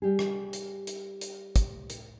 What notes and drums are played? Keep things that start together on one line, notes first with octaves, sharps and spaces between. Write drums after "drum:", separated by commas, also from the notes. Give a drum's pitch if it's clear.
G3 G4 G#4
drum: rim click
drum: hi-hat
drum: hi-hat
drum: hi-hat
drum: kick, hi-hat
drum: hi-hat